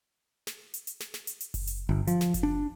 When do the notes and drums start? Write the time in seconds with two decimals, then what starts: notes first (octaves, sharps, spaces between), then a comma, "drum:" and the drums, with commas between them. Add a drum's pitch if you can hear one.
0.47 drum: snare
0.74 drum: hi-hat
0.87 drum: hi-hat
1.00 drum: snare
1.14 drum: snare
1.27 drum: hi-hat
1.41 drum: hi-hat
1.54 drum: kick F#1, open hi-hat
1.67 drum: hi-hat
1.89 G1
2.07 F3, drum: hi-hat
2.21 drum: snare
2.34 drum: kick F#1, hi-hat
2.43 D4